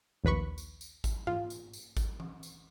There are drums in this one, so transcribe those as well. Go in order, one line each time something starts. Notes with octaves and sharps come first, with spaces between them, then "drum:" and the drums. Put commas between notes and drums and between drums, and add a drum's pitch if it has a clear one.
A#1 D#2 B4 B5 C#6
drum: tambourine
drum: tambourine
drum: kick G#1, tambourine
F4, drum: tom G#2
drum: tambourine
drum: tambourine
drum: kick G#1, tambourine
drum: tom E3
drum: tambourine